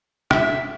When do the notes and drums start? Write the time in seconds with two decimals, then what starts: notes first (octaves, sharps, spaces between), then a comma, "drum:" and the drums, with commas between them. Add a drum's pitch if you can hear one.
0.31 E5, drum: rim click